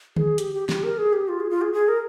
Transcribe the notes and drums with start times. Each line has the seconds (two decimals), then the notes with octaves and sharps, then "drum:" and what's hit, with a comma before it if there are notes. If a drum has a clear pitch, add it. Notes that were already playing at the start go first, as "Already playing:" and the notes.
0.16 G#4, drum: tom D3
0.38 G4, drum: hi-hat
0.54 G4
0.69 G4, drum: snare
0.84 A#4
0.98 G#4
1.13 G4
1.28 F4
1.40 G#4
1.50 F4
1.61 G#4
1.73 G#4
1.88 A#4